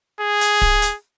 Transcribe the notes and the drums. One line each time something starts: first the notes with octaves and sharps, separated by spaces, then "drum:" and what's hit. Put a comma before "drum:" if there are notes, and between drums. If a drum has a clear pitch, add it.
G#4
drum: hi-hat
drum: kick D1
drum: hi-hat